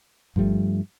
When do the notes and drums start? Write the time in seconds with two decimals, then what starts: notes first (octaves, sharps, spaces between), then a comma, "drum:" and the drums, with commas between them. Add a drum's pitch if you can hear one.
0.36 G2 F3 G3 A3, drum: kick G1